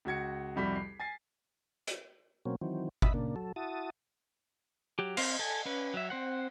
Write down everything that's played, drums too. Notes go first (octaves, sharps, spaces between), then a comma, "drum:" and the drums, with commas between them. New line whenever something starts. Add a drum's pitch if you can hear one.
C#2 F#4 G#6 C#7
C2 F2 G3 F#4 B5 B6
C7
G#5 A6 C7
drum: hi-hat
B2 F#3 A#3 C4 C#4
D#3 E3 F#3 C4
D#5 E5 B5, drum: kick G1
A#2 C#3 A#3 D4
F#3 A4
E4 F#4 A5 D#6
F#3 G4
C4 C5 F5, drum: cymbal
A4 G#5
C#4 B4
F#3 E5
C4 C5 F#5